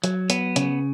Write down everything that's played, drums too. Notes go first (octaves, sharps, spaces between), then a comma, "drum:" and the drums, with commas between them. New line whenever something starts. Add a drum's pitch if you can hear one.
F#3, drum: hi-hat
B3, drum: hi-hat
C#3, drum: hi-hat